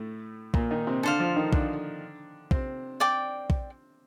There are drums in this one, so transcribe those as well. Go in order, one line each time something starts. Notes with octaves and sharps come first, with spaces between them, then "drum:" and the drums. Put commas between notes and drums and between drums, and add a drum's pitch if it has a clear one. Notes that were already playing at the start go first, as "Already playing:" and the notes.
Already playing: A2 A3
A#2 A#3, drum: kick
D#3 D#4
C3 C4
D3 D4 A4 C5 F5
F3 F4
D#3 D#4
D3 D4, drum: kick
C3 C4, drum: kick
D5 G5 D6
drum: kick